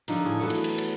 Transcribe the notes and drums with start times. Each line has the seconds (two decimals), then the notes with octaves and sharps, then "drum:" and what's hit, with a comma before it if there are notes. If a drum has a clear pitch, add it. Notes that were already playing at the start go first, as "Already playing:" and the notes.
0.08 D3 F3 D#4, drum: cymbal
0.25 A2 G#4
0.40 E3 F#3 A3 B3
0.50 drum: cymbal
0.64 drum: cymbal
0.78 drum: cymbal